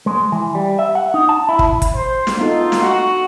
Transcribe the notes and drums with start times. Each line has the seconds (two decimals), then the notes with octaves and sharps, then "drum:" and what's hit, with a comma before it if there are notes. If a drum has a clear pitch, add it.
0.06 G#3
0.32 E3
0.55 G3
0.79 E5
0.95 F#5
1.14 D#4
1.29 A5
1.49 E4
1.59 drum: kick
1.82 drum: kick, hi-hat
1.95 C5
2.27 drum: snare
2.39 B3 D#4 F4 A4
2.72 drum: snare
2.82 F#4